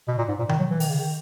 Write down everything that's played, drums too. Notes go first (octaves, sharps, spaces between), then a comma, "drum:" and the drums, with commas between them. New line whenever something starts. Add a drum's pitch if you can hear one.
B2
A#2
G#2
A#2
D#3, drum: tom B2
F#3
E3
D#3, drum: open hi-hat
C#3
D#3